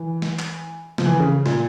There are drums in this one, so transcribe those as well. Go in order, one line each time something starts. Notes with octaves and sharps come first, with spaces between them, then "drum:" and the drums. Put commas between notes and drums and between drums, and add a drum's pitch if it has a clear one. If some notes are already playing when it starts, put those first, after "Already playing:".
Already playing: E3
drum: snare
drum: clap
F3, drum: snare
E3
C#3
A#2, drum: snare